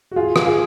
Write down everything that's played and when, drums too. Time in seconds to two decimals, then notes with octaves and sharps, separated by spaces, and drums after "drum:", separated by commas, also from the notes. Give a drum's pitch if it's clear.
0.11 F#4
0.16 F4 G#4
0.36 drum: rim click
0.45 F4 G#4